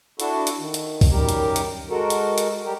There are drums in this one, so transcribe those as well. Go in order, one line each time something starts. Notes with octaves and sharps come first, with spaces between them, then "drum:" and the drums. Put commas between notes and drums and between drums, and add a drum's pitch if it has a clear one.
D4 E4 F#4 A4, drum: hi-hat
drum: hi-hat
D#3
drum: hi-hat
drum: kick C2, open hi-hat
F#2 D#3 G3 G4 A#4
drum: hi-hat
drum: hi-hat
G#3 F#4 A4 A#4
drum: hi-hat
drum: hi-hat
G3 G4 A#4